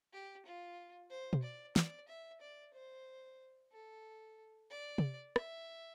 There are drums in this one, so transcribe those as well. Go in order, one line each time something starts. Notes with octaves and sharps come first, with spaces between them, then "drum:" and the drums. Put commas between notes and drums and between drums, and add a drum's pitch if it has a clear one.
G4
F4
C5
drum: tom
D5
D5, drum: snare
E5
D5
C5
A4
D5
drum: tom
E5, drum: rim click